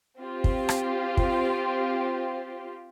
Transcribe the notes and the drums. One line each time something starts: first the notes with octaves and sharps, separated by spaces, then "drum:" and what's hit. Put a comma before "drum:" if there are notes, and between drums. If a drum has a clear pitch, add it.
C4 F4 G4
drum: kick
drum: rim click
drum: kick